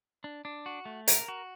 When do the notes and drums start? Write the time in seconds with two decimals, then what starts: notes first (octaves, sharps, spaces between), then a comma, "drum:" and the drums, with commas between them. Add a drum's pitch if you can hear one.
0.24 D4
0.45 D4
0.66 F#4
0.86 A3
1.08 A#4, drum: hi-hat
1.28 F#4